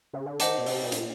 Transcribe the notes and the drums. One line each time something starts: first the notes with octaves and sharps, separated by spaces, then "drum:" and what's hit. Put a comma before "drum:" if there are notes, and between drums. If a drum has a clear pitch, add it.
C#3
D3
D#3 C5 D#5 F#5 A5 D6, drum: hi-hat
B2
C3, drum: open hi-hat
B2
A#2, drum: hi-hat